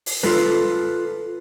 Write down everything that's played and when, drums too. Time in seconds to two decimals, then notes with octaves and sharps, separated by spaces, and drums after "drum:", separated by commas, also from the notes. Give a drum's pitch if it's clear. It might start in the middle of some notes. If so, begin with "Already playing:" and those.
0.06 drum: open hi-hat
0.23 F4 A4 B4, drum: snare